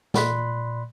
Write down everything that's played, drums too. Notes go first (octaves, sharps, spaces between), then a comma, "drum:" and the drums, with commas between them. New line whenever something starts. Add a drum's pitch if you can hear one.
A#2 D5 B5 C6 F#6 B6, drum: snare